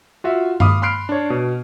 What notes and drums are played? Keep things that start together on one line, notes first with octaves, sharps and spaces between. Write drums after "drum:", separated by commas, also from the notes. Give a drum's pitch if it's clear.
F4 F#4 E5
F5 B5 D6 D#6, drum: tom G2
B5 C6 F6 F#6 C7 D7
D4 C#5
B2